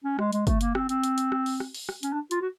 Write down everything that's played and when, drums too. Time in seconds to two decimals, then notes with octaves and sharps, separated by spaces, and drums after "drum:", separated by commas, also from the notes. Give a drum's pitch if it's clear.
0.04 C#4
0.19 G#3, drum: rim click
0.33 G#3, drum: hi-hat
0.47 A3, drum: kick, hi-hat
0.61 A#3, drum: hi-hat
0.75 C4, drum: rim click
0.89 C4, drum: hi-hat
1.03 drum: hi-hat
1.18 drum: hi-hat
1.32 drum: rim click
1.46 drum: open hi-hat
1.60 drum: rim click
1.75 drum: open hi-hat
1.89 drum: rim click
2.03 C#4, drum: hi-hat
2.13 D4
2.31 F4, drum: hi-hat
2.41 F#4